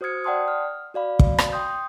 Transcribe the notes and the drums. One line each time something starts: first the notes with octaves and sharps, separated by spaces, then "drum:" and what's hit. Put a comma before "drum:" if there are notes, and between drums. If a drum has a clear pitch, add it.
F#4 C5 D#6 F6 G#6 C#7
D5 F#5 G5 A5 C6 D#6
F6
F#4 D5 F5 B5
drum: kick
drum: rim click
G5 C6 D#6 G6